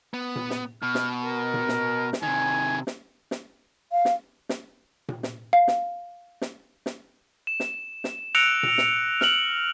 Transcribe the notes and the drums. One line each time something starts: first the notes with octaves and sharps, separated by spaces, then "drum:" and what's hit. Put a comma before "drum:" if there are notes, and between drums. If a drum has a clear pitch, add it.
B3
drum: tom A#2
drum: snare
B2 F6
drum: snare
A#4
drum: tom A#2
drum: snare
drum: snare
C3 D#3 G#5
drum: snare
drum: snare
F5
drum: snare
drum: snare
drum: tom A#2
drum: snare
F5
drum: snare
drum: snare
drum: snare
E7
drum: snare
drum: snare
E6 F#6 A#6 C#7 D7 F7
drum: tom A#2
drum: snare
F6 F7 F#7, drum: snare